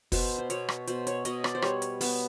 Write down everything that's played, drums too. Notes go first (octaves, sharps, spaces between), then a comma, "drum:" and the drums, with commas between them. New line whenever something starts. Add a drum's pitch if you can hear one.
B2 C5, drum: kick, open hi-hat
C5
B2 C#5, drum: hi-hat
drum: rim click
B2 C5, drum: hi-hat
C#5, drum: hi-hat
B2 D#5, drum: hi-hat
D5, drum: rim click
C5
G3 C#5, drum: rim click
drum: hi-hat
B3, drum: open hi-hat